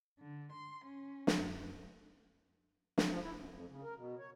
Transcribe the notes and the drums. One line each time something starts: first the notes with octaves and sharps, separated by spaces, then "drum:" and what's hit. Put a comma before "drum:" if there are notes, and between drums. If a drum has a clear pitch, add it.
D3
C6
C#4
drum: snare
F#2
drum: snare
F3
E4
F#2
F2
C#3
A#4
B2
C#5